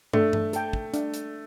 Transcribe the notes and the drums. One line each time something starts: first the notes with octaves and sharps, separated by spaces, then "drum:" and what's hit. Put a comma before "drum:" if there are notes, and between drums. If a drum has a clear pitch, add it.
A3 D4, drum: tom
drum: tom G2
A4 G5, drum: hi-hat
drum: kick
D4, drum: hi-hat
drum: hi-hat